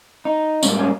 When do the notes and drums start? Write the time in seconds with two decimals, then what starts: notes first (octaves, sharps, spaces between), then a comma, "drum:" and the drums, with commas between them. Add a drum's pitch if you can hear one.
0.25 D#4
0.63 G#2 G3 A#3 C#4, drum: tambourine
0.79 C#4